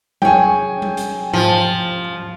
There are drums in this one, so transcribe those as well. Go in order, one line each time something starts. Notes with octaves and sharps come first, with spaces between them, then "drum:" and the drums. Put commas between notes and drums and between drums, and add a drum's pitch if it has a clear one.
F#3 G#4 C#5 G5 G#5, drum: tom G3
drum: tom G3
drum: hi-hat
F3, drum: tom G#2